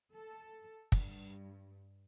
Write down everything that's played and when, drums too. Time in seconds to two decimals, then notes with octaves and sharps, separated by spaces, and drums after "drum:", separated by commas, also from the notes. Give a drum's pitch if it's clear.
0.15 A4
0.92 G2, drum: kick